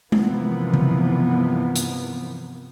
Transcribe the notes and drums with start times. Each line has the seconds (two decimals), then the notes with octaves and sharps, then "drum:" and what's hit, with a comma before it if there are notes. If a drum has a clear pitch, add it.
0.12 G2 C3 E3 F3 A#3 B3, drum: tom G#3
0.74 drum: tom C#3
1.76 drum: hi-hat